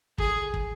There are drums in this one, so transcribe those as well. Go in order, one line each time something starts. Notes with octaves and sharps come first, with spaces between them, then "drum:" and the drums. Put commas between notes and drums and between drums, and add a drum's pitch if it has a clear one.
G#4, drum: kick
drum: kick